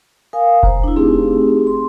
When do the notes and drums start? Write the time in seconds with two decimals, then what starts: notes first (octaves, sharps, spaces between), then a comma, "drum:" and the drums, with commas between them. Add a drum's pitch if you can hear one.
0.33 A#4 F5 G#5 D#6
0.63 C5 A#5, drum: kick F1
0.84 D4 E4
0.96 A3 C4 D#4 G4 G#4
1.67 C6